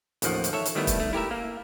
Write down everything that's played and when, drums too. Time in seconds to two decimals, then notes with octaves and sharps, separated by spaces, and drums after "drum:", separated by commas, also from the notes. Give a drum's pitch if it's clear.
0.22 A1 D#2 D#3 F3 F#5, drum: hi-hat
0.44 drum: hi-hat
0.53 A4 C#5 E5
0.66 drum: hi-hat
0.75 D#3 G3 A3 B3 E4
0.87 drum: kick, hi-hat
1.00 A3
1.13 E4 G4 A#4 E5
1.31 A#3